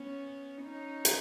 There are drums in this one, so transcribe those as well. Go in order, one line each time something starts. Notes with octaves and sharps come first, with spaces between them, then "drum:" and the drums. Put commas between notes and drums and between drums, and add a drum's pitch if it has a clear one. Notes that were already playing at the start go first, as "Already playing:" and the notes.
Already playing: B3 C#4
C#4 D#4
drum: hi-hat